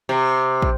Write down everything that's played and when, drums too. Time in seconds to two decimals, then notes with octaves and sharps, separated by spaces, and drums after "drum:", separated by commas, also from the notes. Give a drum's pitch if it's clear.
0.09 C3
0.62 drum: kick